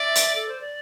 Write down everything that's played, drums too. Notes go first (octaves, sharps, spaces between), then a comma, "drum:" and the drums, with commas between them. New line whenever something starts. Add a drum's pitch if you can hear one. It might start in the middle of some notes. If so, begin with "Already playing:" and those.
Already playing: D5 E5
drum: hi-hat
A4
C5
D5